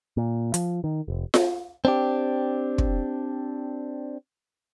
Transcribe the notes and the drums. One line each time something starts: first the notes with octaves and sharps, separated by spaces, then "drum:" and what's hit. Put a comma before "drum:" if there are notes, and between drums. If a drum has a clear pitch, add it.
A#2
F3, drum: hi-hat
D#3
F1
drum: snare F4
C4 D4 G4
drum: kick